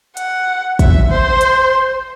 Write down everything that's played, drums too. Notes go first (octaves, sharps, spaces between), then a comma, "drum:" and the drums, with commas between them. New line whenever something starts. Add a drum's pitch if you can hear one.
F#5, drum: hi-hat
E5, drum: kick, hi-hat
C5
drum: hi-hat